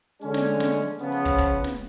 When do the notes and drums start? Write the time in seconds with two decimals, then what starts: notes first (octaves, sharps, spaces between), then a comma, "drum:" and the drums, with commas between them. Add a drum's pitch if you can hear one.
0.21 D3 G#3 C#4, drum: hi-hat
0.34 drum: snare
0.60 drum: snare
0.73 drum: open hi-hat
0.99 C#3 F3 B3, drum: hi-hat
1.12 drum: open hi-hat
1.25 drum: kick, hi-hat
1.38 drum: kick, hi-hat
1.51 drum: hi-hat
1.64 drum: snare